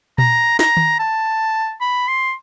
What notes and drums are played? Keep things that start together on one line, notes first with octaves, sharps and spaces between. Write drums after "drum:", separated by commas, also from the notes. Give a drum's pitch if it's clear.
A#5, drum: tom A#2
A#5, drum: snare
drum: tom D#3
A5
B5
C6